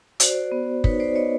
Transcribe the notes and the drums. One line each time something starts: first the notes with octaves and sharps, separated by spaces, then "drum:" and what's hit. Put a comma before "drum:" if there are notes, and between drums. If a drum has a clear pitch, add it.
F#4 C5 D5, drum: hi-hat
B3
D#4 B4 C#5, drum: kick
C5 D5
B3 C#5 D#5